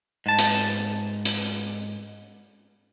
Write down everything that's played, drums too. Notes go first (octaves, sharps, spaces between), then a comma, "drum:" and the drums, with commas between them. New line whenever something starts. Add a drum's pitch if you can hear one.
G#2 A5
drum: hi-hat
drum: hi-hat